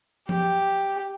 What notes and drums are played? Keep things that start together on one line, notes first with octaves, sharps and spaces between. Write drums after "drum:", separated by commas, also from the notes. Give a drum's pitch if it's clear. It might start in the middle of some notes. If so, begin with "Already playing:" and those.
G4, drum: tom F3